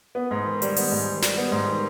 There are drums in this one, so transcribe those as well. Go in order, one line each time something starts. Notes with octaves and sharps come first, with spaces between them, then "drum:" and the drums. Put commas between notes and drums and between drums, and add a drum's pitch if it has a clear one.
B3
G#2
D#3
G3, drum: hi-hat
B3, drum: open hi-hat
G#2
D#3
G3, drum: snare
B3
G#2
D#3